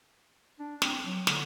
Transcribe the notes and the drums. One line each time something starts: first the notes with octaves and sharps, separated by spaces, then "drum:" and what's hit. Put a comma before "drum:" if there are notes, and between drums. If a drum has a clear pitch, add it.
D4
C4, drum: snare
F#3
D3, drum: snare